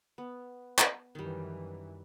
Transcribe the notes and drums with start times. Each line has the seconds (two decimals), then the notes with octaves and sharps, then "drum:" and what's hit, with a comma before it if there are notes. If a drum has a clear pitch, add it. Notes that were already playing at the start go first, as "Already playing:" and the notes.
0.18 B3
0.78 drum: clap
1.15 F#2 D#3 E3 G3